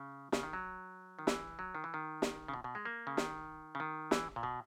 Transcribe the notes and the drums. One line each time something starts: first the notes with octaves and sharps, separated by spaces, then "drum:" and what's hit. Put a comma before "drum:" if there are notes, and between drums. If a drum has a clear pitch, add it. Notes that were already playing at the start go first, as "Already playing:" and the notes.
Already playing: C#3
C#3, drum: snare
D#3
F#3
D#3
E3, drum: snare
F#3
D#3
E3
D#3
drum: snare
C#3
B2
B2
G#3
A#3
C#3
D#3, drum: snare
C#3
D#3
E3, drum: snare
A#2
B2